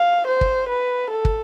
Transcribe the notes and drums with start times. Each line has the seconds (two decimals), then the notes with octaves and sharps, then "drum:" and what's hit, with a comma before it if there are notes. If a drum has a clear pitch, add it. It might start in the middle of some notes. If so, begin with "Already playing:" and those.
Already playing: F5
0.27 C5
0.41 drum: kick
0.69 B4
1.11 A4
1.25 drum: kick